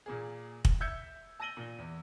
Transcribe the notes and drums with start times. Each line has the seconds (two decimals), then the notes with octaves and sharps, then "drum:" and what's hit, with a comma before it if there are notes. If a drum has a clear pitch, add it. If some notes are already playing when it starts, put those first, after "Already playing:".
0.06 A#2 A#3 G#4
0.65 drum: kick
0.80 E5 E6 G6 G#6 C#7
1.40 A5 E6 A#6 D#7 F#7 G7
1.57 A#2
1.78 E2